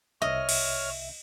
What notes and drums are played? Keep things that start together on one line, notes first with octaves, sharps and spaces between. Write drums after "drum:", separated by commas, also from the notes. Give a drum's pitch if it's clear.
C2 C#5 D#5 E5 F6
drum: cymbal